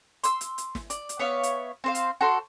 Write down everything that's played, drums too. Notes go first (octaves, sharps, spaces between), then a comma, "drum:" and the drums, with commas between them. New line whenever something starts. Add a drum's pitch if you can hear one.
C6 E6, drum: hi-hat
drum: hi-hat
drum: hi-hat
drum: snare
D5, drum: hi-hat
drum: hi-hat
B3 C#5 E5 F5
drum: hi-hat
C4 C5 F5
drum: hi-hat
F#4 A4 C5 C6